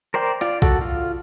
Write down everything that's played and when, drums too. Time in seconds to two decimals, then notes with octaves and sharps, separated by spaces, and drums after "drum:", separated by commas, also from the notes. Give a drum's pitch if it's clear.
0.14 A#4 C5 D5 G5
0.41 F4 D5, drum: tambourine
0.62 F#4 A4, drum: kick B1, tambourine
0.81 F4